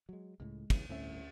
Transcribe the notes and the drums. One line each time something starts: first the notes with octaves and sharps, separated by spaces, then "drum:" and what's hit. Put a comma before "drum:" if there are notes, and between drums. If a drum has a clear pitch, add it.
F#3 G#3
C#2 A2 G#3
C#3 E3, drum: kick, cymbal
G1 D2 A2 C4 C#4 E5